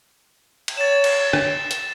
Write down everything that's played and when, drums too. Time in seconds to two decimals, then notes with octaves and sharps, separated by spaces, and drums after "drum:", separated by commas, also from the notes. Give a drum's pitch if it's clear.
0.68 drum: cymbal
0.77 C#5 A6 E7
1.04 drum: cymbal
1.33 drum: rim click
1.71 drum: hi-hat